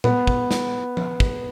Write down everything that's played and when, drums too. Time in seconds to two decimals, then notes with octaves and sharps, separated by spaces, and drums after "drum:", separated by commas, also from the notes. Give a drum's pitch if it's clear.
0.04 B3, drum: tom A#2
0.27 drum: kick
0.51 drum: snare
0.97 drum: tom F3
1.20 drum: kick